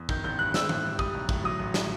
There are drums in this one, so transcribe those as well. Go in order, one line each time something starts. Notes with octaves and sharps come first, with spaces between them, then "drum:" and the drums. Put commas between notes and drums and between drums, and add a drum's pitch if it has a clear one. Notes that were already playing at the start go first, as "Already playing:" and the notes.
Already playing: E2
D#3 G6, drum: kick
A1 G6
G2 F#6
C4 E6, drum: snare
A2, drum: tom D#3
G3
G3 D#6, drum: kick
B1
A2, drum: kick
F#3 D#6
A1
A2, drum: snare